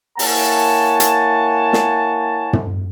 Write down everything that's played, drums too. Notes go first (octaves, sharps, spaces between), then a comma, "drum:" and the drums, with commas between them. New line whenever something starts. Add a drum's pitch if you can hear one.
A#3 E4 C#5 F#5 G#5 A5, drum: open hi-hat
drum: hi-hat
drum: snare
drum: tom